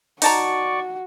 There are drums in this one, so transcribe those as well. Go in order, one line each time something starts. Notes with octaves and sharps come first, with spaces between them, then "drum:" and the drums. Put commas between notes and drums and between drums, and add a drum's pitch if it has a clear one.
D#4 F#4 D5 A5 A#5 C#6, drum: open hi-hat